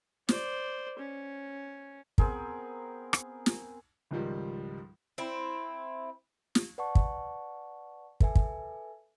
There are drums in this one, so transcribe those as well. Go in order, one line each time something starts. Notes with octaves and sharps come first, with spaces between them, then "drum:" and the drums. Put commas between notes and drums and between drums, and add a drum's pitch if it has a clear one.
C5 D5, drum: snare
C#4
B3 C4 G#4 A#4, drum: kick
drum: rim click
drum: snare
C#2 G#2 D#3 F3 G3
C4 E4
drum: snare
B4 D5 F#5 A5 C#6
drum: kick
A4 B4 E5 G#5, drum: kick
drum: kick